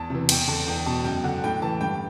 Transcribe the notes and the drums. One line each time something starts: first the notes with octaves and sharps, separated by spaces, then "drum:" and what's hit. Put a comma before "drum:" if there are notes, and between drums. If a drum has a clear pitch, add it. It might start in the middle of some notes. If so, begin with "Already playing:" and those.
Already playing: E2 A5
C3 E3
E2 G5, drum: cymbal
D3 A5
E2 G5
B2 A5
F#2 G5
D3 F#5
A2 G5
E3 A5
G2 G5